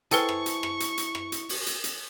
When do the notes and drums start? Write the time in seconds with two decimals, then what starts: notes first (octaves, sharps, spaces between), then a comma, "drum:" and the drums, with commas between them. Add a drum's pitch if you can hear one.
0.11 E4 G#4 A4 B4 C5 G5 A5 C#6, drum: hi-hat
0.29 drum: rim click
0.46 drum: hi-hat
0.63 drum: rim click
0.80 drum: hi-hat
0.98 drum: hi-hat
1.15 drum: rim click
1.32 drum: hi-hat
1.49 drum: open hi-hat
1.66 drum: hi-hat
1.84 drum: hi-hat